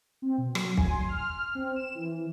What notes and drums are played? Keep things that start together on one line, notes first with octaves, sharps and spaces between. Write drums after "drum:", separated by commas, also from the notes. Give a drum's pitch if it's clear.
C4
B2
F#3, drum: rim click
G#5, drum: kick
C6
F6
C4
E7
E3